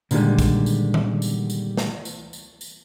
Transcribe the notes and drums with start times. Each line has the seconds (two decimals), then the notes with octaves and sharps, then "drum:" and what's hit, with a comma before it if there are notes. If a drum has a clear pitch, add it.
0.11 A#2 D3 D#3 F3 G3 G#3, drum: tambourine
0.39 drum: kick, tambourine
0.66 drum: tambourine
0.94 drum: tom D3
1.22 drum: tambourine
1.50 drum: tambourine
1.77 drum: snare
2.05 drum: tambourine
2.33 drum: tambourine
2.61 drum: tambourine